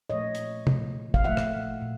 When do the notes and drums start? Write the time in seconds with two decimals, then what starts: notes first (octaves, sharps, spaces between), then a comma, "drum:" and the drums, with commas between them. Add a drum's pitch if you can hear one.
0.10 A#2 F3 A3 C#5 D#5
0.35 drum: hi-hat
0.67 A#2 F3 A3, drum: tom
1.14 F5, drum: kick
1.24 A#2 F3 A3 E5 F#5
1.37 drum: rim click
1.82 A#2